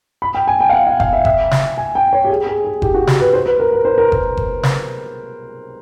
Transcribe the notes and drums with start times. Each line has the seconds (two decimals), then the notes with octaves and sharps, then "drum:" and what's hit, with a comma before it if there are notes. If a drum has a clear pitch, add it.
0.22 B5
0.35 G5
0.48 G#5
0.61 G5
0.69 F5
0.73 F#5
0.87 F5
1.00 F5, drum: kick F#1
1.13 E5
1.25 E5, drum: kick F#1
1.51 drum: snare
1.78 G#5
1.95 G5
2.13 C#5
2.24 G4
2.30 G#4
2.47 G#4
2.64 G#4
2.82 G4, drum: kick F#1
2.94 F#4
3.07 drum: snare
3.20 B4
3.33 C5
3.46 B4
3.60 A#4
3.73 B4
3.85 C5
3.98 A#4
4.12 A#4, drum: kick F#1
4.37 drum: kick F#1
4.63 drum: snare